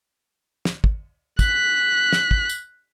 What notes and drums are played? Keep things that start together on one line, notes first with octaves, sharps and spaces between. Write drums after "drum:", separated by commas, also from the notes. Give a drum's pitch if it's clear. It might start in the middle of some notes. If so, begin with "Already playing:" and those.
drum: snare
drum: kick
F#6 B6, drum: kick, tambourine
drum: snare
drum: kick
drum: tambourine